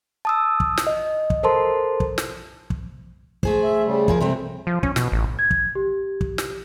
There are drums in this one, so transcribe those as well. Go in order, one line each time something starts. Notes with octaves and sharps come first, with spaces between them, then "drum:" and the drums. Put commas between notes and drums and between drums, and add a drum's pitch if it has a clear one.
A5 D#6 E6
drum: kick
drum: snare
D#5
drum: kick
A4 A#4 C5 A5 C6
drum: kick
drum: snare
drum: kick
A3 G#4 C5, drum: kick
E5
C#3 G3
F3 G#4 A#4, drum: kick
C3 G3 A3 C4
F3
C#4, drum: kick
B2, drum: snare
A1
G#6
drum: kick
G4
drum: kick
drum: snare